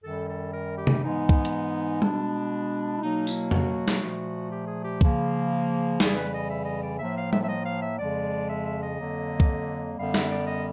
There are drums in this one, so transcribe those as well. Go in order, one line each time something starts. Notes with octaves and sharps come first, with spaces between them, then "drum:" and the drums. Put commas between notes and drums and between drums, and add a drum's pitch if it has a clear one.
F#2 D#3 G3 A4
A4
A#4
G4
drum: tom
G#2 E3 G#3 B3 D#4
drum: kick C2
drum: hi-hat
B2 G#3 B3 D4, drum: tom G3
E4
B2 F#3 A#3 D#4
E4, drum: tambourine
F#4, drum: tom F2
drum: snare
A#2 F3 A3
G4
G#4
G4
C#3 F3 A#3, drum: kick C2
F2 C#3 E3 G3 G#4, drum: snare
B4
D#5
E5
D#5
D5
A2 F3 A#3 E5
F5
E5, drum: tom G3
E5
D#5
F5
E5
F2 C#3 F3 G#3 D5
E5
E5
D#5
F2 D3 F#3 A#3
drum: kick C2
F#2 D3 G3 B3 F5
E5, drum: snare
D5
D#5